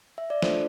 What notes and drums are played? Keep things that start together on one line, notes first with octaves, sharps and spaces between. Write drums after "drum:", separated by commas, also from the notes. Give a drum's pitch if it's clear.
E5
D5
A3 D4 F4 A4 C5, drum: snare